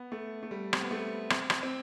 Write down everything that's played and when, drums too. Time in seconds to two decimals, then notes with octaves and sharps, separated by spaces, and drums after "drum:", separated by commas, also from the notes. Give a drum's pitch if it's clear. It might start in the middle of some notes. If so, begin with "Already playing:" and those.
Already playing: B3
0.12 A3
0.43 A3
0.51 G3
0.73 C4, drum: rim click
0.81 B3
0.91 A3
1.30 C4, drum: rim click
1.50 drum: rim click
1.63 C4